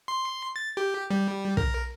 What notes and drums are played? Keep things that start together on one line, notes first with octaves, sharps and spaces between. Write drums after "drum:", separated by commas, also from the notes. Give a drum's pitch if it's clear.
C6
A6
G4
G3
A#4, drum: kick